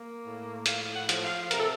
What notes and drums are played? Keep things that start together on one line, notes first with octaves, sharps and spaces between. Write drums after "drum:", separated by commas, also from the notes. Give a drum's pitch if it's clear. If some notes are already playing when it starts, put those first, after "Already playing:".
Already playing: A#3
A2
F3 F5, drum: hi-hat
F#5
F3, drum: hi-hat
F5
C3 A#4, drum: hi-hat
A4